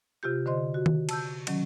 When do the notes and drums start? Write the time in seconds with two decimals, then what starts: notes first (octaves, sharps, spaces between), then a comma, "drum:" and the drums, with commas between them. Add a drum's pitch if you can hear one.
0.23 C3 F4 G4 G6
0.46 D3 C5 D#5 C6
0.74 F#4
0.86 drum: tom D#3
1.09 A5 E6 G6, drum: cymbal
1.47 D#3 F#3 C#4, drum: cymbal